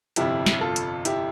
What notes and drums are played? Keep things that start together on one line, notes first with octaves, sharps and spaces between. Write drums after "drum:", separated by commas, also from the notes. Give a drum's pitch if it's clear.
G1 F2 C3 F3 E4 G4, drum: hi-hat
drum: snare
F4 A4
drum: hi-hat
E4 G4, drum: hi-hat